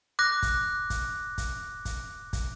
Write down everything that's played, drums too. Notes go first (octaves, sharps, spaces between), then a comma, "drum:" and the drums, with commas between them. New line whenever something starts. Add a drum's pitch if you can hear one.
D6 F#6 A#6
drum: kick, hi-hat
drum: kick, hi-hat
drum: kick, hi-hat
drum: kick, hi-hat
drum: kick, hi-hat